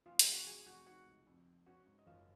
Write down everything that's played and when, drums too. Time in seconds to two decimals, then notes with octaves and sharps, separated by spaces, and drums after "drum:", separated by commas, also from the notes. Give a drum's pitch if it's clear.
0.06 F1 F4 F5
0.19 G#4 G#5, drum: hi-hat
0.26 F1
0.32 F#4 F#5
0.46 F#3 G#4 G#5
0.66 F1 F#4 F#5
0.86 D#4 F#4 F#5
1.06 C#2
1.27 F2
1.46 F2
1.66 C#4 F#4 F#5
1.87 G#2
1.99 D#5
2.07 F#1 F4 F5